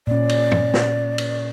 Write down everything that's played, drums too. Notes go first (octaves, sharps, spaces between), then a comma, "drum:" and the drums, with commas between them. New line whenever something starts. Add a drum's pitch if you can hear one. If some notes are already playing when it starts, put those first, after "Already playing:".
A#2 C#4 D5
drum: cymbal
drum: tom
drum: snare
drum: cymbal